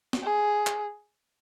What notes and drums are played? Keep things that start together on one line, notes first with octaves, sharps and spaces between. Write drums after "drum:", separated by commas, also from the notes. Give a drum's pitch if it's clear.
drum: snare
G#4
drum: clap